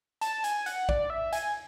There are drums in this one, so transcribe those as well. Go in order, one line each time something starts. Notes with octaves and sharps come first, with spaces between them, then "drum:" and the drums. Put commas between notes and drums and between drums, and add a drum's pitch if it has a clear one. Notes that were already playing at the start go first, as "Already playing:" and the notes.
A5, drum: hi-hat
G#5, drum: hi-hat
F#5, drum: hi-hat
D5, drum: kick A1
E5
G#5, drum: hi-hat